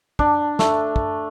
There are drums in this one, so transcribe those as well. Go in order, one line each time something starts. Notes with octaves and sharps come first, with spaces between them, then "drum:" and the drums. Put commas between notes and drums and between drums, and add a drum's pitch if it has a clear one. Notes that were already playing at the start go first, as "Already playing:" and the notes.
D4, drum: kick
A3, drum: snare
drum: kick